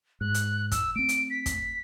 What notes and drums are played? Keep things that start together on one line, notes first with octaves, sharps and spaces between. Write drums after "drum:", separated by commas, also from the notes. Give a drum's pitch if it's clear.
G#2 F#6
drum: hi-hat
E6, drum: kick, hi-hat
A3 C4 D7
drum: hi-hat
B6
drum: kick, hi-hat